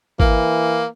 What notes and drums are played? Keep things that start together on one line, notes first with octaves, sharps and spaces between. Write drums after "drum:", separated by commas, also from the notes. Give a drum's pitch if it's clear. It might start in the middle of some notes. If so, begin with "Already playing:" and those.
E3 A#3, drum: kick G#1